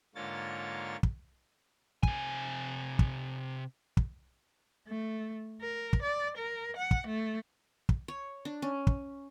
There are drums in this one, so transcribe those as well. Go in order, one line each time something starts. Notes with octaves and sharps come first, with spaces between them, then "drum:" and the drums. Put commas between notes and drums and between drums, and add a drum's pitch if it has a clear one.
G#2 D3 A#3 F4 C#5 A6
drum: kick
C3 G#5, drum: kick
drum: kick
drum: kick
A3
A#4
drum: kick
D5
A#4
F#5
drum: kick
A3
drum: kick
C#5
D4
C#4
drum: kick